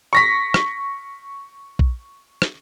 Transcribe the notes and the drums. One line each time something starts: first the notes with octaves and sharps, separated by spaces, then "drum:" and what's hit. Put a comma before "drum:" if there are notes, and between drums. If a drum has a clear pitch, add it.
C#6 A#6 B6
drum: rim click
drum: kick
drum: rim click